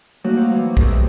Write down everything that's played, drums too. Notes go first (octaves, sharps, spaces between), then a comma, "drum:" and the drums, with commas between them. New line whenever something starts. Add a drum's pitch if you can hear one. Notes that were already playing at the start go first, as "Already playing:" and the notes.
F#3 G3 A3 A#3 D#4 F#4
C5 F5 F#5
E3 G3 C#6
C3 D#3 E3 D4 A4 A#4, drum: kick
E5